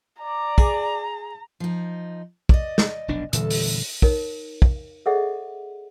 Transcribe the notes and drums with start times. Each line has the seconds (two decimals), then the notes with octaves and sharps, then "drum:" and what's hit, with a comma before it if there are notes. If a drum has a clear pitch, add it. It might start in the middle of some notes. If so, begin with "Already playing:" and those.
0.22 D5 A#5
0.58 G#4, drum: kick
1.60 F3 D#4
2.49 D5 D#5, drum: kick
2.78 drum: snare
3.08 F1 B1 D4
3.33 E2 A#2 D3 G3 A4, drum: hi-hat
3.50 drum: open hi-hat
4.02 D#4 A#4 C#5, drum: kick
4.62 drum: kick
5.06 G#4 A4 C#5 D#5 E5 F#5